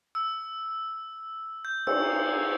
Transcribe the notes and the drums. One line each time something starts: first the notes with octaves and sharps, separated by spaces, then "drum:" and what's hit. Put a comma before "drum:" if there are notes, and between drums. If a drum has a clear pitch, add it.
E6
G6
E6, drum: cymbal